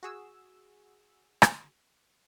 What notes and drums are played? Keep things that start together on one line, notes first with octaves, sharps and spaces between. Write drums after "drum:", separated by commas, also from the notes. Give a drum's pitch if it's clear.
F#4 G#4 E6
drum: rim click